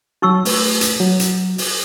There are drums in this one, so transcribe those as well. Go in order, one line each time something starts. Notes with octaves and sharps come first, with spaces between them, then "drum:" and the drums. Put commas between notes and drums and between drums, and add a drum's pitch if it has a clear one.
F#3 D#4 F#4 C#6 E6
A3 B4, drum: open hi-hat
drum: hi-hat
F#3
drum: hi-hat
drum: open hi-hat